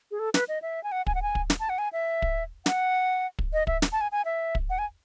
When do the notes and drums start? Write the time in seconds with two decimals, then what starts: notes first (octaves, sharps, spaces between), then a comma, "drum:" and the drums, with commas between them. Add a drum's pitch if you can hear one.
0.11 G#4
0.19 A4
0.34 B4, drum: snare
0.48 D#5
0.62 E5
0.84 G#5
0.92 F#5
1.07 G#5, drum: kick
1.15 F#5
1.22 G#5
1.35 drum: kick
1.50 drum: snare
1.60 A5
1.69 F#5
1.78 G#5
1.93 E5
2.22 drum: kick
2.66 F#5, drum: snare
3.39 drum: kick
3.53 D#5
3.67 E5, drum: kick
3.82 drum: snare
3.92 A5
4.01 G#5
4.12 G#5
4.25 E5
4.55 drum: kick
4.70 F#5
4.79 G#5